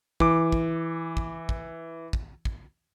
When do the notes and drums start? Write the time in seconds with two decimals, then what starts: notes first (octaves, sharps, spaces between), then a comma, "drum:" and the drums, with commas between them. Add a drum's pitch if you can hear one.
0.20 E3 D6, drum: kick
0.52 drum: kick
1.17 drum: kick
1.49 drum: kick
2.13 drum: kick
2.45 drum: kick